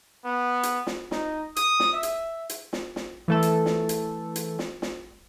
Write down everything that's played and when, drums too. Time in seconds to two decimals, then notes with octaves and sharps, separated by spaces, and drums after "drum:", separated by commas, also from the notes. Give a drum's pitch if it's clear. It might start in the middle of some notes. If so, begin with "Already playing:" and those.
0.25 B3
0.63 drum: hi-hat
0.87 drum: snare
1.11 D#4, drum: snare
1.56 D#6, drum: hi-hat
1.80 drum: snare
1.93 E5
2.03 drum: hi-hat
2.49 drum: hi-hat
2.73 drum: snare
2.96 drum: snare
3.28 E3 A3 A4
3.43 drum: hi-hat
3.66 drum: snare
3.89 drum: hi-hat
4.36 drum: hi-hat
4.59 drum: snare
4.82 drum: snare